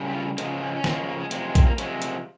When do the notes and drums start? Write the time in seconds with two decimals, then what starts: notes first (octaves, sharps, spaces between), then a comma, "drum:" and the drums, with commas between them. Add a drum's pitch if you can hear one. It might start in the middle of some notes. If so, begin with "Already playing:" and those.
Already playing: C#3 G3
0.09 G4
0.15 F4
0.38 C#3 F3 G#3 D#4, drum: hi-hat
0.62 C#4
0.77 C#4
0.84 C#3 F3 G#3 C4, drum: snare
0.96 A#3
1.04 G#3
1.08 A#3
1.20 G#3
1.31 C3 F3 G#3 A#3, drum: hi-hat
1.55 C4, drum: kick A#1, hi-hat
1.66 A#3
1.78 C3 F3 G#3 C#4, drum: hi-hat
2.02 drum: hi-hat